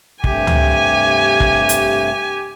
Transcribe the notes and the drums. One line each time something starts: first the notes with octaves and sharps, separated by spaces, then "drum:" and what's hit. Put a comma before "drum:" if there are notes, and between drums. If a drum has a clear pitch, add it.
G2 C3 A3 G4 G#5, drum: kick
drum: tom C#2
drum: kick
drum: hi-hat